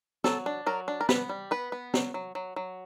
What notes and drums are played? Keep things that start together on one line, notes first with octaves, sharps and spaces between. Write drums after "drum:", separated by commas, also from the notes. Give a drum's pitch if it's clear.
F#3 A4, drum: snare
D4
F#3 A#4
D4
A#4
B3 B4, drum: snare
G3
B3 B4
B3
F#3, drum: snare
F#3
F#3
F#3